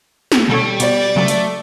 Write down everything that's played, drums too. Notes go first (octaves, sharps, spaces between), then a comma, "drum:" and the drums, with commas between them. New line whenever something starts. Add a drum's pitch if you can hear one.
drum: snare
B2 G3 A4 C#5
B2 D5, drum: hi-hat
C#3 F#3 A3
drum: hi-hat